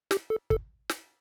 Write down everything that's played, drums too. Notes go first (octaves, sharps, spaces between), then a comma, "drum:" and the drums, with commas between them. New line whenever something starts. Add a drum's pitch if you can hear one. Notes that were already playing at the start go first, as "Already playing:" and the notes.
G4, drum: snare
A4
A4, drum: kick
drum: snare